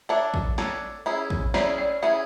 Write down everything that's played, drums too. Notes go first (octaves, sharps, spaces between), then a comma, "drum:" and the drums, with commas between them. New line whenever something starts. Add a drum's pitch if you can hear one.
D4 A4 C#5 E5
drum: kick
D4 A4 C#5, drum: snare
C#4 E4 G#4
drum: kick
C#4 E4 G#4 D5, drum: snare
D5
C#4 E4 G#4 E5